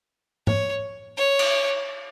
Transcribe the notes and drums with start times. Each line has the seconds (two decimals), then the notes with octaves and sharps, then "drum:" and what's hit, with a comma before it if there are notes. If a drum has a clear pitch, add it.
0.47 C#5, drum: tom G#2
1.17 C#5
1.39 drum: cymbal